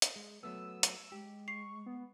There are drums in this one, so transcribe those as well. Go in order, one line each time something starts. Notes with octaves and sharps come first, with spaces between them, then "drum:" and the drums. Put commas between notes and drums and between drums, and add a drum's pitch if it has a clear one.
drum: hi-hat
G#3
F#3 A3 B3 E6
drum: hi-hat
G#3 G4
C#6 C7
B3